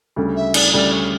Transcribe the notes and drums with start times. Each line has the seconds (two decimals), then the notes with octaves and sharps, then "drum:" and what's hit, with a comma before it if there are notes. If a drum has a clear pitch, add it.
0.16 D2 C#3 G3
0.35 E5
0.54 D5, drum: cymbal
0.73 D2 C#3 G3 D5
0.91 C#5